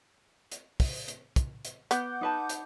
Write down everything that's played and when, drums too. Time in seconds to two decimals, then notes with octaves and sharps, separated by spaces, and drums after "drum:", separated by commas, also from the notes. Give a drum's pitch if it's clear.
0.52 drum: hi-hat
0.80 drum: kick, open hi-hat
1.08 drum: hi-hat
1.36 drum: kick, hi-hat
1.65 drum: hi-hat
1.91 B3 F#5 D6 G6, drum: hi-hat
2.21 D#4 B4 A5
2.49 drum: hi-hat